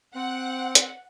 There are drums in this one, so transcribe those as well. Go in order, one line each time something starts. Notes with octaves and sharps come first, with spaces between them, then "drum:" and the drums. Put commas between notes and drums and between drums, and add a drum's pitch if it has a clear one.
C4 F#5
drum: hi-hat